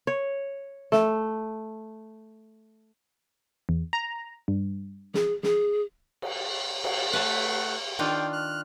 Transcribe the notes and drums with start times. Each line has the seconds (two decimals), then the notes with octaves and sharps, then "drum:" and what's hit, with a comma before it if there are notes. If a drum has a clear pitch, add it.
0.07 C#5
0.92 A3, drum: snare
3.69 E2
3.93 A#5
4.48 G2
5.14 G#4, drum: snare
5.43 G#4, drum: snare
6.22 drum: cymbal
6.84 drum: cymbal
7.13 A3 B4 F#5 A5
7.99 D#3 D4 F4 G5
8.33 F6 F#6